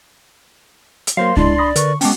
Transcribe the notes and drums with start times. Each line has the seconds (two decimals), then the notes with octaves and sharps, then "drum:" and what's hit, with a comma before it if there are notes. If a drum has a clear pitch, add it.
1.07 drum: hi-hat
1.17 F#3 A#3 A#4 C5 F5 C6
1.37 G#3 D4 E4 D5, drum: kick C#2
1.58 B5 D#6 A#6
1.76 D3 A#4 B4 C#6, drum: hi-hat
2.01 G#3 B3 C#4 F#4 G5 A5 D6, drum: open hi-hat